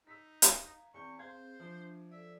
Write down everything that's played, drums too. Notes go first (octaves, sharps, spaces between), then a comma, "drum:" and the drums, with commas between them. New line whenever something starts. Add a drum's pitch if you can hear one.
D#4 E6 B6
F5 A#5 G#6, drum: hi-hat
E2 C4 E4 G#5 C#6 G6
C4 G#4 C5 F5 C6 G#6
F3 D4 E5
A4 D5 E5